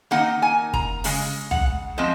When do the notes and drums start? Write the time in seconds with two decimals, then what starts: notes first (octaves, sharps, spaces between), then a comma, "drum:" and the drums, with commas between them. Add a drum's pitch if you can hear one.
0.11 D#3 A#3 D#4 F#5
0.42 G#5
0.74 A#5, drum: kick
1.04 C#3 G#3, drum: open hi-hat
1.51 F#5, drum: tom
1.98 F3 G#3 C4 D#5